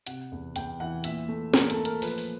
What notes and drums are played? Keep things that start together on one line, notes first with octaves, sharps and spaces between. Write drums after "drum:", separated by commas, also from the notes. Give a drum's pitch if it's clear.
C3 F#5, drum: hi-hat
E2
E2 G5, drum: hi-hat
E3 F#5
A#2 E5, drum: hi-hat
A3
A#2 A#4, drum: snare
A4, drum: hi-hat
A3
A#4, drum: hi-hat
F3 B4, drum: open hi-hat
drum: open hi-hat